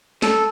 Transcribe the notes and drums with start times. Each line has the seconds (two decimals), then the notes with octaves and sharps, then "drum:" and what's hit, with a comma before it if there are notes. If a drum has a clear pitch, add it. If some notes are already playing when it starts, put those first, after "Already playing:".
0.22 A4, drum: snare